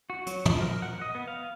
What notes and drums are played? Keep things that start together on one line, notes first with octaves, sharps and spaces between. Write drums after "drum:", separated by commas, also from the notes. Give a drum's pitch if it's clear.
F#4
F#3, drum: hi-hat
F3, drum: tom
A#4
F#5
D#5
B3
F5